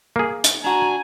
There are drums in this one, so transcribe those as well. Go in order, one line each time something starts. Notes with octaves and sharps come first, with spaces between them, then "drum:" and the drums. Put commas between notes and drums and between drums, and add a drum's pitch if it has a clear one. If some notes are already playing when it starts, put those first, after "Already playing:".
A#3 G#4
drum: hi-hat
D4 F#4 G#5 A#5